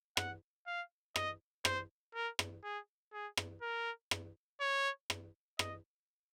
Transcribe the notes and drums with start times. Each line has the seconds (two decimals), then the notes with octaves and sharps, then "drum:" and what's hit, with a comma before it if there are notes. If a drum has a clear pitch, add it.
0.17 F#5, drum: rim click
0.67 F5
1.16 D#5, drum: rim click
1.65 C5, drum: rim click
2.14 A#4
2.39 drum: rim click
2.64 G#4
3.13 G#4
3.37 drum: rim click
3.62 A#4
4.11 drum: rim click
4.61 C#5
5.10 drum: rim click
5.59 D#5, drum: rim click